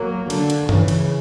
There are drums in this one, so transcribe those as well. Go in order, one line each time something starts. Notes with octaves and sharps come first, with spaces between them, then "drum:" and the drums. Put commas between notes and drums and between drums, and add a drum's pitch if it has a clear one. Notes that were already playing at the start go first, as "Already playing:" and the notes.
Already playing: F#3 A#3
D3, drum: cymbal
drum: cymbal
C#3 E3, drum: tom G2
drum: cymbal